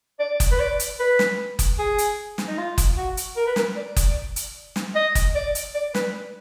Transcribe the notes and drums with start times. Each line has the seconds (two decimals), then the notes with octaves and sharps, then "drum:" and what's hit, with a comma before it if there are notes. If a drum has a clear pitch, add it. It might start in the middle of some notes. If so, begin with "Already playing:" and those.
0.20 D5
0.40 drum: kick F#1, hi-hat
0.52 B4
0.60 D5
0.80 drum: hi-hat
1.00 B4
1.19 drum: snare
1.59 drum: kick F#1, hi-hat
1.79 G#4
1.98 drum: hi-hat
2.38 drum: snare
2.47 D#4
2.58 F4
2.78 drum: kick F#1, hi-hat
2.97 F#4
3.17 drum: hi-hat
3.37 A#4
3.47 B4
3.56 A#4, drum: snare
3.77 D5
3.96 drum: kick F#1, hi-hat
4.36 drum: hi-hat
4.76 drum: snare
4.96 D#5
5.15 drum: kick F#1, hi-hat
5.35 D5
5.55 drum: hi-hat
5.75 D5
5.95 B4, drum: snare